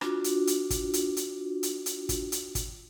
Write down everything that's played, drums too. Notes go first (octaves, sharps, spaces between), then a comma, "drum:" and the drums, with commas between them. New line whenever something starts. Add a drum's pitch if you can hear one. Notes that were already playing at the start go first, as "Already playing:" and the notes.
D4 F4 F#4, drum: rim click
drum: hi-hat
drum: hi-hat
drum: kick, hi-hat
drum: hi-hat
drum: hi-hat
drum: hi-hat
drum: hi-hat
drum: kick, hi-hat
drum: hi-hat
drum: kick, hi-hat